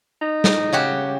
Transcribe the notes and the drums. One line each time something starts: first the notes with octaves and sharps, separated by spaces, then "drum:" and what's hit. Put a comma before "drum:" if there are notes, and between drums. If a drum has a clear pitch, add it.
D#4
drum: snare
C#3 F#4 G4